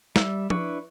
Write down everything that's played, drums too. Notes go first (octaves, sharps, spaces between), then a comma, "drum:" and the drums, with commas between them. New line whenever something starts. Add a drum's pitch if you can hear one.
G3 E5, drum: snare
D4 E4 B4 C#6, drum: tom F3